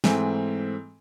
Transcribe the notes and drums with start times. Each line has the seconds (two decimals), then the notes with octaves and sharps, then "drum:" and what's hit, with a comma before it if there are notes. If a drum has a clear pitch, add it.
0.04 G#2 E3 A3 C4 G#5, drum: snare